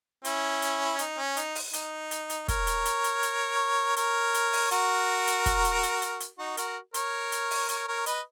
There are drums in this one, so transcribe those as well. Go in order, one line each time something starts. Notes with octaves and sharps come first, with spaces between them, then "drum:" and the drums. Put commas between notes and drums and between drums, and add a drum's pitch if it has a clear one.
C#4 E4, drum: hi-hat
drum: hi-hat
D#4, drum: hi-hat
C#4
D#4, drum: hi-hat
drum: open hi-hat
D#4, drum: hi-hat
drum: hi-hat
drum: hi-hat
A#4 C#5, drum: kick, hi-hat
drum: hi-hat
drum: hi-hat
drum: hi-hat
drum: hi-hat
A#4 C#5, drum: hi-hat
drum: hi-hat
drum: open hi-hat
F#4 A#4, drum: hi-hat
drum: hi-hat
drum: kick, hi-hat
drum: hi-hat
drum: hi-hat
drum: hi-hat
drum: hi-hat
D#4 F#4
F#4 A#4, drum: hi-hat
A#4 C#5, drum: hi-hat
drum: hi-hat
drum: open hi-hat
A#4 C#5, drum: hi-hat
A#4 C#5
B4 D#5, drum: hi-hat